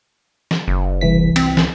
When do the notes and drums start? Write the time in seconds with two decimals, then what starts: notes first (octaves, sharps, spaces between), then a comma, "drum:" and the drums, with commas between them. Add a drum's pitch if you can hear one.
0.51 drum: snare
0.68 F#1
1.01 C2 E3 B6
1.36 C4, drum: cymbal
1.57 drum: snare